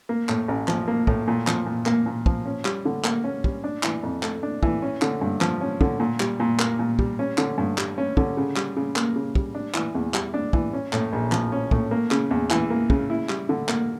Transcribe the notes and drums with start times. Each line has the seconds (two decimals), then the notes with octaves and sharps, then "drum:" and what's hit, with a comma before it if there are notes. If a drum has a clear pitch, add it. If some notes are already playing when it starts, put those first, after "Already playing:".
0.09 A#3
0.29 A2, drum: clap
0.48 A1
0.68 F3, drum: clap
0.88 A#3
1.07 A2, drum: kick
1.28 A#2
1.47 F3, drum: clap
1.66 A#2
1.86 A#3, drum: clap
2.06 A#2
2.26 F3, drum: kick
2.46 C#4
2.65 G3, drum: clap
2.85 D3
3.04 A#3, drum: clap
3.24 C#4
3.44 G3, drum: kick
3.64 D4
3.83 E3, drum: clap
4.03 F2
4.23 A3, drum: clap
4.43 D4
4.63 E3, drum: kick
4.82 C#4
5.02 D3, drum: clap
5.21 G2
5.41 F3, drum: clap
5.61 C#4
5.81 D3, drum: kick
6.00 A#2
6.20 G3, drum: clap
6.40 A#2
6.59 A#3, drum: clap
6.79 A#2
6.99 G3, drum: kick
7.19 C#4
7.38 D3, drum: clap
7.58 G2
7.78 G3, drum: clap
7.98 C#4
8.17 D3, drum: kick
8.37 C#3
8.56 G3, drum: clap
8.76 C#3
8.96 A#3, drum: clap
9.16 C#3
9.35 G3, drum: kick
9.55 D4
9.74 E3, drum: clap
9.95 E2
10.14 G3, drum: clap
10.34 D4
10.53 E3, drum: kick
10.73 C#4
10.93 A2, drum: clap
11.13 A#1
11.32 F3, drum: clap
11.52 C#4
11.71 A2, drum: kick
11.91 A#3
12.11 C#3, drum: clap
12.31 E2
12.50 E3, drum: clap
12.70 A#3
12.90 C#3, drum: kick
13.10 E4
13.29 G3, drum: clap
13.49 D3
13.69 A#3, drum: clap